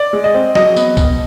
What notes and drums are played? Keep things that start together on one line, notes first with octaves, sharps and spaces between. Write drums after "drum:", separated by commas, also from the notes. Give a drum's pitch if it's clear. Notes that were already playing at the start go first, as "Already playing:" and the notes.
Already playing: D5
G#3
D#5
C4
F#3 D#5, drum: snare
B3, drum: tambourine
B2, drum: kick B1, tambourine